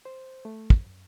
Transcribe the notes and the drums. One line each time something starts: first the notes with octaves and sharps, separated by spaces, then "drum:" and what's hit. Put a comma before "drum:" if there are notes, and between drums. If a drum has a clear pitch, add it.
C5
A3
F#2, drum: kick